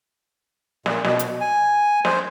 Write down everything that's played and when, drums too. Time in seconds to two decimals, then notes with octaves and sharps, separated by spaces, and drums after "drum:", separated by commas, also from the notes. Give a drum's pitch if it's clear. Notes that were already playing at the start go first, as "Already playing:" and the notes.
0.86 A#2, drum: snare
1.04 B2, drum: snare
1.19 drum: hi-hat
1.41 G#5
2.05 C5, drum: snare